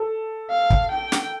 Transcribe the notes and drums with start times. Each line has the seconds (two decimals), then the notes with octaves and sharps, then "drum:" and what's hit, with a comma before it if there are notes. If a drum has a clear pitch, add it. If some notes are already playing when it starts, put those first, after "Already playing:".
Already playing: A4
0.50 F5
0.70 drum: kick
0.91 G5
1.12 drum: snare